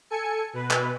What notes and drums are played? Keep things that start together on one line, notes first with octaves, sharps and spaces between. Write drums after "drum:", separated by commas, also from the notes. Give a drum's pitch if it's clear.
A4 G#5 C#7
B2 B4
drum: clap